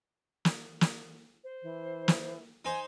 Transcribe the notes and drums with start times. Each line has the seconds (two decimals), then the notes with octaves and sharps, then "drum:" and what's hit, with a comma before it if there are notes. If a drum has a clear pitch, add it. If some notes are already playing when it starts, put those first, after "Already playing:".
0.45 drum: snare
0.81 drum: snare
1.43 C5
1.63 E3
2.08 drum: snare
2.65 D#4 C5 G#5